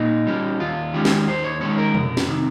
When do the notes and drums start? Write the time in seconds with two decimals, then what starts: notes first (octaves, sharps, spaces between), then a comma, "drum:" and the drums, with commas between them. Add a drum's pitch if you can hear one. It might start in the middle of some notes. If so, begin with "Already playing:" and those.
Already playing: A#2 D#4
0.27 G3 C#4
0.60 D#2 F4
0.94 D#3 G#3 C#4 G4
1.05 drum: snare
1.27 D#2 C5
1.44 C#5
1.61 D#3 G#3 C#4 C#5
1.78 A#4
1.95 F2, drum: tom
2.17 drum: snare
2.28 C3 D#3